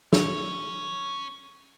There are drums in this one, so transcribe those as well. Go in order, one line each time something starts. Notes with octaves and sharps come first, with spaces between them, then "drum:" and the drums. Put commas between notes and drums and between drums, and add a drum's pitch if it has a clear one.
C#4 C#5, drum: snare